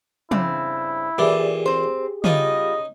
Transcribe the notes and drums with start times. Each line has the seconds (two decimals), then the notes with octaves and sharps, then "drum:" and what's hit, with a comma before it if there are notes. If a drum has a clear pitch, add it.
0.31 G2 C#3 C4 E4, drum: tom
1.18 A#2 E3 G4 G#4 D5
1.66 C4 C5
2.24 G3 C#4 D#4 F4 F#4 D#5, drum: tom